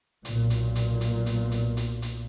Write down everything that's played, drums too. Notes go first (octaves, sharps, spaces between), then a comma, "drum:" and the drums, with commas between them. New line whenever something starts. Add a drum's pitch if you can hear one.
B1 A#2, drum: hi-hat
drum: hi-hat
drum: hi-hat
drum: hi-hat
drum: hi-hat
drum: hi-hat
drum: hi-hat
drum: hi-hat